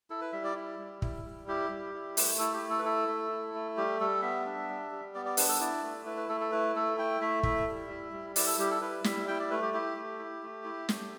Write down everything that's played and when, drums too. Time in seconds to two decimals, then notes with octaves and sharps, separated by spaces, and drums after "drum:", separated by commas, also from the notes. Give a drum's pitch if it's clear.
0.10 E4 A4
0.21 B4
0.32 G3 E5
0.44 D5
0.56 E4
0.79 G3
1.02 E4, drum: kick
1.24 G3
1.48 E4 G4
1.70 G3
1.94 E4
2.17 A3, drum: open hi-hat
2.39 E4 A4
2.54 G4
2.62 A3
2.70 A4
2.79 B4
2.85 E4 A4
3.08 A3
3.31 E4
3.54 A3
3.77 G3 G4
4.00 G3 A4
4.22 B3 E5
4.46 D4
4.69 G3
4.91 G3
5.15 B3 D5
5.26 D5
5.37 D4 B4, drum: open hi-hat
5.48 A4
5.60 E4 D5
5.83 A3
6.06 E4 B4
6.17 B4
6.29 A3 A4
6.41 A4
6.52 E4 B4
6.76 A3 A4
6.97 E4 G5
7.21 A3 E5
7.43 E4 E5, drum: kick
7.67 G3
7.89 E4
8.12 G3
8.36 E4 D5, drum: open hi-hat
8.47 A4
8.59 G3 G4
8.71 A4
8.81 E4 B4
9.04 G3 E5, drum: snare
9.28 E4 G5
9.39 D5
9.51 A3 B4
9.62 G4
9.74 E4 G4
9.96 A3
10.19 E4
10.43 A3
10.64 E4
10.89 A3, drum: snare